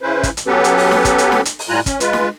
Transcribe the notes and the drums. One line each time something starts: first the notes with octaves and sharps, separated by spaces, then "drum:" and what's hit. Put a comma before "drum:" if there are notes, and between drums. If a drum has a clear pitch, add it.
C#3 C#4 E4 B4 C5
drum: kick, hi-hat
drum: hi-hat
F#3 B3 C#4 G4 A4 B4
drum: hi-hat
drum: open hi-hat
drum: snare
drum: kick, hi-hat
drum: hi-hat
drum: snare
drum: hi-hat
drum: open hi-hat
A2 G3 F4 G#5 A#5 F#6
C#4, drum: kick, hi-hat
G#3 F4 B4, drum: hi-hat
drum: snare